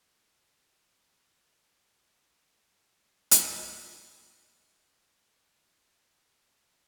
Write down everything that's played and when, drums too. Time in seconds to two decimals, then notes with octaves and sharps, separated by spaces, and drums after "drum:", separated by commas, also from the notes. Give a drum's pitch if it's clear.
0.16 D#4 E5 G#5 B5 F7
1.75 C3 C#5
2.30 C4
3.31 drum: hi-hat
3.76 D#3 G3 D#5 A#5
5.37 B2 F#4